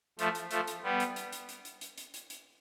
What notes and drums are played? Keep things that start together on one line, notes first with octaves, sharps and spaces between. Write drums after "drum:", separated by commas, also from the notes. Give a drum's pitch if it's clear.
F3 A3, drum: hi-hat
drum: hi-hat
F3 A3, drum: hi-hat
drum: hi-hat
G3 B3
drum: hi-hat
drum: hi-hat
drum: hi-hat
drum: hi-hat
drum: hi-hat
drum: hi-hat
drum: hi-hat
drum: hi-hat
drum: hi-hat